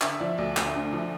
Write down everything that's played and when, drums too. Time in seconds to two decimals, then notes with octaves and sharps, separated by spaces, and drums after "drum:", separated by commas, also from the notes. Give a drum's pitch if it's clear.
0.01 D3 E5, drum: clap
0.20 F3 D5
0.38 D2 D5
0.57 D2, drum: clap
0.75 D3
0.93 F3